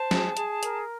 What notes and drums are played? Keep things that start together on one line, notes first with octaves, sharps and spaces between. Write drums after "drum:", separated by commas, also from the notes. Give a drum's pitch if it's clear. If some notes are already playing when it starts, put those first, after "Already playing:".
Already playing: C5 A5
G#4, drum: snare
G#4, drum: hi-hat
A#4, drum: hi-hat